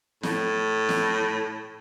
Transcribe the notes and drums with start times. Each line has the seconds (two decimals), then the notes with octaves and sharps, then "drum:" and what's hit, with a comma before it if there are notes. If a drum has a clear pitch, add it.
0.23 A2, drum: snare
0.89 drum: snare